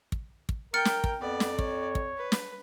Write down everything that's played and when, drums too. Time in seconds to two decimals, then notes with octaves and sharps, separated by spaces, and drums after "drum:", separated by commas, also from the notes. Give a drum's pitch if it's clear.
0.12 drum: kick
0.49 drum: kick
0.74 A#4 G5 F6 A6 C#7
0.85 drum: snare
1.04 drum: kick
1.21 F2 B3 D5
1.40 drum: snare
1.59 C#5, drum: kick
1.95 drum: kick
2.17 B4
2.32 drum: snare